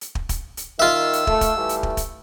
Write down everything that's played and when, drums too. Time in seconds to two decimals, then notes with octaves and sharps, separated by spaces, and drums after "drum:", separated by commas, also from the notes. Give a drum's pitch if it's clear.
0.01 drum: hi-hat
0.15 drum: kick
0.29 drum: kick, hi-hat
0.57 drum: hi-hat
0.80 D#3 F4 E5 E6
1.13 drum: hi-hat
1.27 A3, drum: kick
1.41 drum: kick, hi-hat
1.56 E3 G3 A3
1.69 drum: hi-hat
1.83 drum: kick
1.97 drum: kick, hi-hat